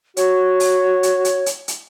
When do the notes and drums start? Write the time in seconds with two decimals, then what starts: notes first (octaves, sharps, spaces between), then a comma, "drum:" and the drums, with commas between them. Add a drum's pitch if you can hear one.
0.17 F#4 C#5, drum: hi-hat
0.60 drum: open hi-hat
1.03 drum: hi-hat
1.25 drum: hi-hat
1.46 drum: hi-hat
1.68 drum: hi-hat